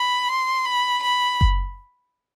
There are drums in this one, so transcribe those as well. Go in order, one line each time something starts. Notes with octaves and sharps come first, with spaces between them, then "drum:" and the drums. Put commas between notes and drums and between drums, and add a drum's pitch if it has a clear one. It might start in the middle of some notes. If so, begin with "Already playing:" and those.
Already playing: B5
C6
B5
B5
drum: kick F#1